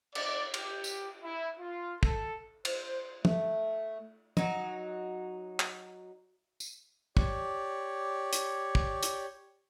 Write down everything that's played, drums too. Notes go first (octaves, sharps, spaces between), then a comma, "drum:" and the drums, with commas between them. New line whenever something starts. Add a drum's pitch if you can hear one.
D5, drum: cymbal
G4, drum: cymbal
drum: tambourine
E4
F4
A4, drum: kick
C5, drum: cymbal
A3, drum: tom
F#3 D#4, drum: tom
drum: clap
drum: tambourine
G4 C#5 D5, drum: kick
drum: hi-hat
drum: kick
drum: hi-hat